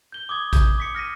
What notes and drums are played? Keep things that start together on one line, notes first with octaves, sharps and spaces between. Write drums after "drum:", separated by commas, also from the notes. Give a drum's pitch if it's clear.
G6 G7
D6 D#6 G#6
G6, drum: kick A1, hi-hat
D6 B6 C#7
F6 A#6 B6 D#7